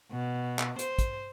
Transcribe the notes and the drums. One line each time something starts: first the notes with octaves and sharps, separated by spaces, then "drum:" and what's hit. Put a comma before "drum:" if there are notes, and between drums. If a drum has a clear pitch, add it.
B2
drum: clap
C5, drum: hi-hat
drum: kick, hi-hat